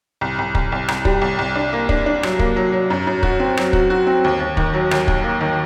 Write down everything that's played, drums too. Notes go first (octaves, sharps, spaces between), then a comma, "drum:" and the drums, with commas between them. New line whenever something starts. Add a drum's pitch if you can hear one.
C2
C2
C2, drum: kick
C2
C2, drum: rim click
G3, drum: kick
C2
C2
D4
A#3
D4, drum: kick
D4
F#3, drum: rim click
A#3, drum: kick
F#3
F#3
F#2
F#2
F#4, drum: kick
C4
F#3, drum: rim click
F#4, drum: kick
F#4
C4
D#2
D#2
D#3, drum: kick
F#3
D#2, drum: rim click
D#2, drum: kick
A#3
D#3